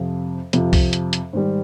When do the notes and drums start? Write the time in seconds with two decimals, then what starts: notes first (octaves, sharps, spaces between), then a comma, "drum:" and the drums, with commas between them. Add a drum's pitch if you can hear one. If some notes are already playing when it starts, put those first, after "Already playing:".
Already playing: F2 C3 F3
0.53 F2 C3 F3, drum: hi-hat
0.73 drum: kick C2, open hi-hat
0.93 drum: hi-hat
1.13 drum: hi-hat
1.33 G#2 D#3 G3